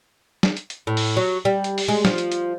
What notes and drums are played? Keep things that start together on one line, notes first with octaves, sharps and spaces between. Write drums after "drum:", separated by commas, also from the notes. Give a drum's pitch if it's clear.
drum: snare
drum: hi-hat
drum: hi-hat
A2
drum: open hi-hat
F#3
G3
drum: hi-hat
drum: open hi-hat
G#3
F3, drum: snare
drum: hi-hat
drum: hi-hat